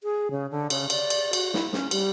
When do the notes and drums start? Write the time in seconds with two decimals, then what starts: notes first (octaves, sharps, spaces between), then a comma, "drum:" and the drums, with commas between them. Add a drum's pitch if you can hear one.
0.03 G#4
0.31 C#3
0.51 D3
0.70 C#3, drum: cymbal
0.90 D5, drum: cymbal
1.10 drum: cymbal
1.33 F#4, drum: cymbal
1.54 E4, drum: snare
1.73 C#4, drum: snare
1.91 G3, drum: cymbal